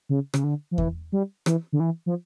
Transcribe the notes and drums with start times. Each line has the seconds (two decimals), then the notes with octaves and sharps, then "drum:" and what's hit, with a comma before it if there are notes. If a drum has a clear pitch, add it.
0.09 C#3
0.34 C#3, drum: rim click
0.44 D3
0.71 F3
0.78 E3, drum: kick E2
1.12 G3
1.46 E3, drum: rim click
1.73 D3
1.80 E3
2.06 F3